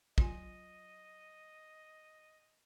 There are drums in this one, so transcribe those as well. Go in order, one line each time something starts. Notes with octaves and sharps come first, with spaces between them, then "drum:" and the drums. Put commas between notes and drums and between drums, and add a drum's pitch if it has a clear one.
F#3 F4 D#5 G#5, drum: kick